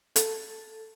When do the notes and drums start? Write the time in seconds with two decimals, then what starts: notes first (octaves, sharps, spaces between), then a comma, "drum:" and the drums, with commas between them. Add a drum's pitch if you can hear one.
0.16 A4, drum: hi-hat